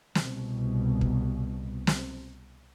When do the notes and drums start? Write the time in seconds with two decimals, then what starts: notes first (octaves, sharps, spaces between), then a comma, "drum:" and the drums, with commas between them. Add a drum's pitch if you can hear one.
0.15 C2 B2, drum: snare
1.01 drum: kick
1.87 drum: snare